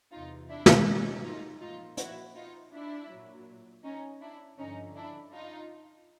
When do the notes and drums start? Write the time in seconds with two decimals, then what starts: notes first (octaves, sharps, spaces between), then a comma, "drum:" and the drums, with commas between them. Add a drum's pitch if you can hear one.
0.11 E2 C3 E3 D#4 F4
0.49 D4 E4
0.66 drum: snare
0.86 C#4 D#4
1.23 D#4 F4
1.61 A#2 F3 D#4 F4
1.97 E4 F#4, drum: hi-hat
2.35 D#4 F4
2.72 D4 E4
3.10 A#2 F#3
3.83 C#4 D#4
4.21 D4 E4
4.58 G2 D3 F3 C#4 D#4
4.95 D4 E4
5.32 D#4 F4